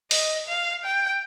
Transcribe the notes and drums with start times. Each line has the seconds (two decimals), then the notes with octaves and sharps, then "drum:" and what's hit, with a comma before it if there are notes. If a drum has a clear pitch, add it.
0.11 D#5, drum: open hi-hat
0.48 F5
0.84 G5